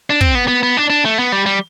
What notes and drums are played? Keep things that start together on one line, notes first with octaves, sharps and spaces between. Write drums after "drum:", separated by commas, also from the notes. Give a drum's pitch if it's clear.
D4
C4, drum: kick
B3
B3
B3
D4
D4
A3
B3
G3
G3